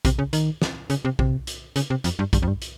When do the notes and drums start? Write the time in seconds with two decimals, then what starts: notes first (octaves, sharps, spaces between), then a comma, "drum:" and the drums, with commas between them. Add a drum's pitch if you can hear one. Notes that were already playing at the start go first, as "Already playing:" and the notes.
0.05 C3, drum: kick A#1, hi-hat
0.19 C#3
0.33 D#3, drum: hi-hat
0.62 drum: snare
0.90 C#3, drum: hi-hat
1.05 C3
1.19 C3, drum: kick A#1
1.47 drum: hi-hat
1.76 C#3, drum: hi-hat
1.90 C3
2.04 F2, drum: hi-hat
2.19 G2
2.33 G2, drum: kick A#1, hi-hat
2.42 F2
2.48 G2
2.62 drum: hi-hat